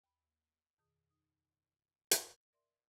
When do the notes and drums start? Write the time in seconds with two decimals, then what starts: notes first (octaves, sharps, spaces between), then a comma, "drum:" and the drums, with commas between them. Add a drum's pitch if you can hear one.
0.04 D#2 B5
0.78 F2 B2 D#3 G#4 D#6
1.10 D#4 D#6
2.11 drum: hi-hat
2.53 A#4 D5 E5 C6